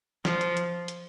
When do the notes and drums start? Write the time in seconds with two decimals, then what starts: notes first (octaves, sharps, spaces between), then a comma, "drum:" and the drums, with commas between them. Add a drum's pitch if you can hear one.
0.25 F3, drum: snare
0.41 drum: hi-hat
0.57 drum: hi-hat
0.88 drum: hi-hat